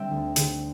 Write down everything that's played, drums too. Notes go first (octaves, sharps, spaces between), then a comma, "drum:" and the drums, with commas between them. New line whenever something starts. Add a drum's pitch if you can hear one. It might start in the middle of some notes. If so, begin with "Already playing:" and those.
Already playing: D3 G3 C4 E5 G5
D2
D3, drum: hi-hat